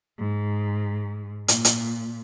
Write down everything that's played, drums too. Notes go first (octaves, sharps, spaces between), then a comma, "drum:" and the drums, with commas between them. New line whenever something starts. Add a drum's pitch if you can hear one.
G#2
A#2, drum: hi-hat
drum: hi-hat